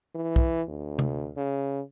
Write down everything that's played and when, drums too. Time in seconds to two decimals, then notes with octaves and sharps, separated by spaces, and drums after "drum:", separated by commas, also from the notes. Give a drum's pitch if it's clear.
0.15 E3
0.36 drum: kick
0.68 D2
0.99 drum: tom
1.37 C#3